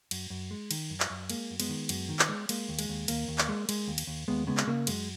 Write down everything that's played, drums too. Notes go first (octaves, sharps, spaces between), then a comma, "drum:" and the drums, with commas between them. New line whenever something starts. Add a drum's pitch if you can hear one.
F#2, drum: cymbal
F#2
G#3
D#3, drum: cymbal
F#2
drum: clap
F#2
G#3 A#3, drum: cymbal
F#2
G#3 B3, drum: cymbal
D#3
F#2, drum: cymbal
D#3
drum: clap
G#3
G#3 A#3, drum: cymbal
D#2
G#3, drum: cymbal
D#2
D#2 A#3, drum: cymbal
D#2
drum: clap
G#3
G#3, drum: cymbal
D#2
drum: cymbal
D#2
D#2 G#3 B3
C#3 G#3 B3
drum: clap
C#3 A#3
F#2 G#3, drum: cymbal